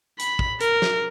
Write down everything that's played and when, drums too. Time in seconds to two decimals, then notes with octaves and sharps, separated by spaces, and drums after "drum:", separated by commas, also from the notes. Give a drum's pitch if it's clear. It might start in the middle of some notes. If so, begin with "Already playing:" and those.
0.20 B5, drum: hi-hat
0.39 drum: kick
0.61 A#4, drum: hi-hat
0.82 drum: snare